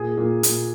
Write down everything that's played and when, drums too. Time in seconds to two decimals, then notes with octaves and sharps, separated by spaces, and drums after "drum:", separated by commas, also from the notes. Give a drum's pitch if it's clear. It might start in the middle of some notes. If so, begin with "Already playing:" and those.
Already playing: A#2 G#4
0.17 A#2
0.43 A#2, drum: hi-hat